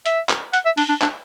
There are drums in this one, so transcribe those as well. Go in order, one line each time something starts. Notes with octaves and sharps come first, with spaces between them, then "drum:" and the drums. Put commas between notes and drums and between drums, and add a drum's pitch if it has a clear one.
E5, drum: hi-hat
drum: clap
F#5, drum: hi-hat
E5
D4, drum: open hi-hat
D4
D4, drum: clap